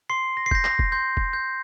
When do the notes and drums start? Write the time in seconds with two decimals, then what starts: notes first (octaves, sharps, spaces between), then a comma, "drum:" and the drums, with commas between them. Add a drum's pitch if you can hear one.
0.10 C6 C7
0.37 A#6
0.46 C7
0.51 G6 A#6, drum: kick
0.65 A#6, drum: clap
0.79 drum: kick
0.92 C6 G6
1.17 drum: kick
1.33 G6